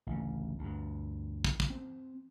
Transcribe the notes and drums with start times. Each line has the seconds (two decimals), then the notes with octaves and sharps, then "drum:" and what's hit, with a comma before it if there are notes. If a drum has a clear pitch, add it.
0.07 A1 D2 C#3
0.59 D2 G2
1.44 drum: kick
1.60 drum: kick
1.70 C4